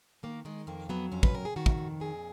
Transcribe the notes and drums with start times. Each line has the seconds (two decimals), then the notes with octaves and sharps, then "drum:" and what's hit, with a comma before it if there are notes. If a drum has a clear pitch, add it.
0.23 D#3 A#3
0.45 D#3 G#3
0.67 F2 A#3
0.89 F#3 B3
1.12 F2 C#4
1.23 B4, drum: kick
1.34 F2 A#4
1.45 G#4
1.56 D#3 F#4
1.66 drum: kick
1.78 F2
2.00 A#2 G#4